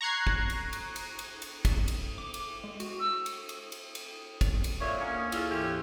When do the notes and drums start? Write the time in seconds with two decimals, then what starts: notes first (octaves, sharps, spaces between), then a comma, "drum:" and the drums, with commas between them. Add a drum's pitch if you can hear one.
0.01 A#5 C#6 F#6 G#6 C7
0.27 drum: kick
0.50 drum: cymbal
0.73 drum: cymbal
0.96 drum: cymbal
1.19 drum: cymbal
1.42 drum: cymbal
1.65 drum: kick, cymbal
1.88 drum: cymbal
2.18 D6
2.34 drum: cymbal
2.64 G#3
2.80 F#4, drum: cymbal
3.00 E6
3.26 drum: cymbal
3.49 drum: cymbal
3.72 drum: cymbal
3.95 drum: cymbal
4.41 drum: kick, cymbal
4.64 drum: cymbal
4.81 A#2 C#5 E5
5.00 D2 A#3 C#4 F5
5.16 D#6
5.32 E4 F4 G#4 A4, drum: cymbal
5.51 G#2 E3 C#4 G4
5.64 E6 F#6